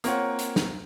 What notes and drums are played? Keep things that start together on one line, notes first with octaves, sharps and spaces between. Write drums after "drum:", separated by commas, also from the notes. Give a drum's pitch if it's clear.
A#3 C4 F4 C#5 F#5, drum: hi-hat
drum: hi-hat
drum: snare